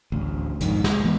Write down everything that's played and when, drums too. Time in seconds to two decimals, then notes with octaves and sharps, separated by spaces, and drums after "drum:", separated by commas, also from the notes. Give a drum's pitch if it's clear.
0.12 A1 D2
0.61 C2 F2 G#2 D#3, drum: hi-hat
0.84 G#3, drum: snare
1.05 E3 G#3 B3